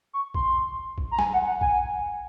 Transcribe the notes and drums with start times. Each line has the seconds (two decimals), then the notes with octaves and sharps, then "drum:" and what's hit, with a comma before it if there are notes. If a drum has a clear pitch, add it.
0.13 C#6
0.34 C6, drum: kick A1
0.98 drum: kick A1
1.11 A#5
1.19 G#5, drum: snare
1.33 F#5
1.47 F#5
1.61 G#5, drum: kick A1